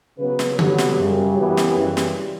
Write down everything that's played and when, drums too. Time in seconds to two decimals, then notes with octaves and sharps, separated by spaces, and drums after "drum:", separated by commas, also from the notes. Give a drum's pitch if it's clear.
0.19 C#3 F#3 B3 B4
0.39 drum: snare
0.59 G2 D3 F#3 B3 G4, drum: tom C#3
0.78 drum: snare
0.98 F#2 C#3 G3
1.38 F#2 E3 B3
1.57 drum: snare
1.77 F#2 C#3 E3 G3
1.97 drum: snare